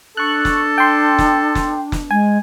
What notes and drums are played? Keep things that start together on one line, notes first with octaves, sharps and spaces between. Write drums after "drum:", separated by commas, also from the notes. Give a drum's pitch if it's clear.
D4 A4 C#6 F#6
drum: snare
G5 C6
drum: snare
drum: snare
drum: snare
G#3 G#5